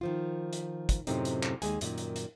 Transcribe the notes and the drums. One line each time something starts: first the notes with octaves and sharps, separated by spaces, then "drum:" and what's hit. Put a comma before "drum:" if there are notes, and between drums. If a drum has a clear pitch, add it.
D#3 F3 F4
drum: hi-hat
drum: kick, hi-hat
F#2 A2 C3 C4 D#4, drum: hi-hat
drum: hi-hat
drum: clap
D#2 G#3 G#5, drum: hi-hat
F#2 A#2 D#3, drum: hi-hat
drum: hi-hat
drum: hi-hat